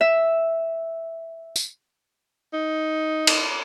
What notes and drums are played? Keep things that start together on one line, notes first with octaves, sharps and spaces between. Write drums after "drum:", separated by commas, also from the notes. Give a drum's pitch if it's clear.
E5
drum: tambourine
D#4
drum: cymbal